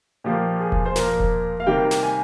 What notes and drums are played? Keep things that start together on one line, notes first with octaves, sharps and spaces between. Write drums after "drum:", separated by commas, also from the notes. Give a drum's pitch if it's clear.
A#2 F3 A#3 G4
G#4
drum: kick E1
C5
A#2 F3 A#3 A#4, drum: snare
drum: kick E1
F5
C3 D#3 G3 A#3 G5
drum: snare
G#5